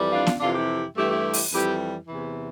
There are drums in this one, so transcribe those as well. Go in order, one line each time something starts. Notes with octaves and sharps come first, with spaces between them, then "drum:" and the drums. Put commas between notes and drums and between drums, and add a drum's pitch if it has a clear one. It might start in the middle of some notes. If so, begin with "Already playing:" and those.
Already playing: F2 E3 G3
D4 F4
drum: snare B3
F2 C3 E3 D4 F4
E4 G4
G2 E3 A3 E4 G4
E4 G4
drum: open hi-hat
F2 E3 G3 E4 G4
E2 C3 E3